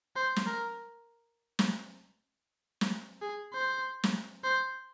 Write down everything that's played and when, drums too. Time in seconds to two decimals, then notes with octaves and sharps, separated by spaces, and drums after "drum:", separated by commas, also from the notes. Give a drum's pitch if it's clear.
0.16 C5
0.36 drum: snare
0.47 A#4
1.59 drum: snare
2.81 drum: snare
3.22 G#4
3.53 C5
4.04 drum: snare
4.44 C5